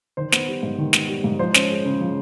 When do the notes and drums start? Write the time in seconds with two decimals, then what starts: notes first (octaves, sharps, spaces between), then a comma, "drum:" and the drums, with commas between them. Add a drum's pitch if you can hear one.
0.17 D#3 C5
0.32 B3, drum: snare
0.48 G3
0.63 G#2
0.78 D#3
0.93 B3, drum: snare
1.09 G3
1.24 G#2
1.39 F3 C5
1.54 C#4, drum: snare
1.70 G#3
1.85 C#3
2.00 F3